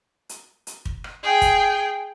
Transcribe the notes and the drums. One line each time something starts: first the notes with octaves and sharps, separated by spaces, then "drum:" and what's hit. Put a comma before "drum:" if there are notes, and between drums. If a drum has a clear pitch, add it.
drum: hi-hat
drum: hi-hat
drum: kick
drum: rim click
G#4 G5
drum: kick, hi-hat